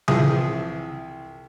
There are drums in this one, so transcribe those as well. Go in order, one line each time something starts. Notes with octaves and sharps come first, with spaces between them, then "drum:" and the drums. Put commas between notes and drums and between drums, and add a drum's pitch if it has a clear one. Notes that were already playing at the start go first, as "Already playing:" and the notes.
C2 E3 F3 G#4 E5 D#6, drum: tom C#3